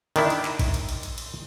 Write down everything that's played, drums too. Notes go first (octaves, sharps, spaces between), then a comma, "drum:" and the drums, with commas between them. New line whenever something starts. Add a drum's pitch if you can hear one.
D#3 D4 E4, drum: cymbal
drum: cymbal
drum: clap
drum: kick A1, cymbal
drum: cymbal
drum: cymbal
drum: cymbal
drum: cymbal